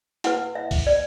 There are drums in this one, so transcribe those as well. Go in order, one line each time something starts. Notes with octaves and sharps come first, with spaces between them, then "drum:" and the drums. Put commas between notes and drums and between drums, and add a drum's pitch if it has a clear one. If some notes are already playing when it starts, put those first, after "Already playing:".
E4 B4 F#5, drum: hi-hat
E5
drum: kick C2, open hi-hat
D5